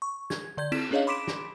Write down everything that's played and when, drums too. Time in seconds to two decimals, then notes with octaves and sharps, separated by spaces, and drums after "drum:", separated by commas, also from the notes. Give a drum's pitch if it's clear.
0.02 C#6
0.30 G#6, drum: snare
0.57 D3 D5 G6 G#6
0.72 C4 E4 B6 E7, drum: cymbal
0.91 C#4 D4 G#4 C#5 D#5 F5
1.07 B5 C6 D6 B6 D7 E7
1.27 drum: snare